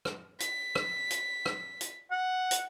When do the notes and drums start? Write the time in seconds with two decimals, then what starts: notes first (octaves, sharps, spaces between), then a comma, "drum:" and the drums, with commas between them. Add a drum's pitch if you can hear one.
0.05 drum: rim click
0.40 B6, drum: hi-hat
0.75 drum: rim click
1.10 drum: hi-hat
1.46 drum: rim click
1.81 drum: hi-hat
2.11 F#5
2.51 drum: hi-hat